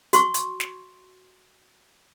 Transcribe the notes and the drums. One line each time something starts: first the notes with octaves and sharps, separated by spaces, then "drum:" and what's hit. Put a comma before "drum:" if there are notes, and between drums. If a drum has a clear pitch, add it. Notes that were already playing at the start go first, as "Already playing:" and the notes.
F#4 C6 C#6, drum: hi-hat
drum: hi-hat
drum: snare